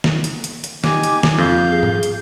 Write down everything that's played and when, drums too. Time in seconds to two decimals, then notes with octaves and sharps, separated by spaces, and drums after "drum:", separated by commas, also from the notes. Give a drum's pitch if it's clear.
0.04 drum: snare
0.24 drum: hi-hat
0.44 drum: hi-hat
0.64 drum: hi-hat
0.84 D#4 G4 G#5 D6, drum: snare
1.03 drum: hi-hat
1.23 drum: snare
1.39 F2 F5 G6
1.70 G#4
1.83 drum: tom G#2
2.03 drum: hi-hat